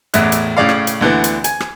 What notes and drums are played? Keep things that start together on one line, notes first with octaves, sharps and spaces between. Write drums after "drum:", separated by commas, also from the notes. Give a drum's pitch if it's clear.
A1 E2 A2 E5 F#6, drum: hi-hat
drum: hi-hat
A2 C#3 D5 F5
drum: rim click
drum: hi-hat
D2 D3 E3 B3
drum: hi-hat
G#5, drum: hi-hat
drum: rim click